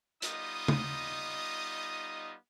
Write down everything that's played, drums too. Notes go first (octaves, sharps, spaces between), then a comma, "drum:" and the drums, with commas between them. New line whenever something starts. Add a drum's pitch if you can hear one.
G3 B3 D#4 F4 D#5 D#6, drum: hi-hat
drum: tom